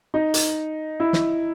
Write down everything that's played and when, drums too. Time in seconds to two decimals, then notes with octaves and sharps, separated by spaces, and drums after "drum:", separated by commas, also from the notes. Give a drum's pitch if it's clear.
0.14 D#4
0.34 drum: hi-hat
1.00 E4
1.13 drum: snare